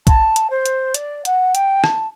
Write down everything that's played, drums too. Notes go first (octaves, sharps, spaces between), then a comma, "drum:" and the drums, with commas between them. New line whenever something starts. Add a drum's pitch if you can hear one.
A5, drum: kick, hi-hat
drum: hi-hat
C5
drum: hi-hat
D5, drum: hi-hat
F#5, drum: hi-hat
G5, drum: hi-hat
A5, drum: rim click